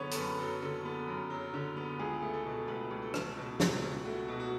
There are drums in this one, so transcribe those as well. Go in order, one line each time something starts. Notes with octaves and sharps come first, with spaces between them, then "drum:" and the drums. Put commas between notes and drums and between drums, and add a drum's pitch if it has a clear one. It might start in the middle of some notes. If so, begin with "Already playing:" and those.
Already playing: F#2 D3 F#3 B3 C#5
A4, drum: hi-hat
F#2 B4
F#3 A4
D3 A4
B3
F#2
F#3
D3
B3
C#2 G#4
A3
A4
B2
C#2 B4
C#2
A4
A3, drum: rim click
B2
C#2, drum: snare
C#2
A3 F#4
B2
F#4